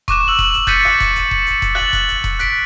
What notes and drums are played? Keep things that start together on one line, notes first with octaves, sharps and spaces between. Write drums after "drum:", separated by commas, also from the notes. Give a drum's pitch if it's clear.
C#6 D6 F#6 E7, drum: kick E1, hi-hat
E6 F#7
drum: kick E1, hi-hat
drum: hi-hat
F#6 G6 A6 B6 C#7 D#7, drum: kick E1, hi-hat
drum: rim click
drum: kick E1, hi-hat
drum: hi-hat
drum: kick E1
drum: hi-hat
drum: kick E1, hi-hat
F#6 A6 F#7, drum: rim click
drum: kick E1, hi-hat
drum: hi-hat
drum: kick E1, hi-hat
F#6 B6 D7, drum: hi-hat